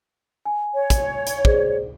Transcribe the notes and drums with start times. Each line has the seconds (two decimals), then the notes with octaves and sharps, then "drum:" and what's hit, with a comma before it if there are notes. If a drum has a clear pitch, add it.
0.45 G#5
0.74 C#5
0.90 drum: kick, hi-hat
1.27 drum: hi-hat
1.45 G#4 C5 D5, drum: kick